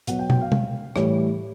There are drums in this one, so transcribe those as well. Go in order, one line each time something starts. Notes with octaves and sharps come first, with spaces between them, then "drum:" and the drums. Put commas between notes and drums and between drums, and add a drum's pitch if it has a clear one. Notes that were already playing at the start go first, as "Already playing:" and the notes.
B2 F#3 F#5, drum: hi-hat
G5
G5, drum: tom
F5
drum: tom
A2 E3 G3 C#5, drum: rim click